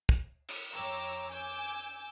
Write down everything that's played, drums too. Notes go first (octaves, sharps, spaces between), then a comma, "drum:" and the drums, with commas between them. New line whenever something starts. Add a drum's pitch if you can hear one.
drum: kick
drum: cymbal
F2 C#5 G5 A#5 D6 E6
G#5 D6 E6 G6